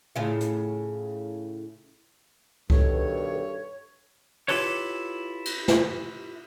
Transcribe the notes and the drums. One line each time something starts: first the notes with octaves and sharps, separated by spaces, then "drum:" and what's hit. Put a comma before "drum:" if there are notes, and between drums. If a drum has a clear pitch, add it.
A2 C#3 F4
drum: hi-hat
G2 B2 D#3 A4 C#5, drum: kick C2
E4 F4 G4 A4 B4 C#5, drum: open hi-hat
drum: cymbal
drum: snare